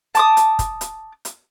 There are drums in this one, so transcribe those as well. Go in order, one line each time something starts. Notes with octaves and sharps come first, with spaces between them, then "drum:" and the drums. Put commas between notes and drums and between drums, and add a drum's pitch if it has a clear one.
A5 D6 D#6, drum: hi-hat
drum: hi-hat
drum: kick, hi-hat
drum: hi-hat
drum: hi-hat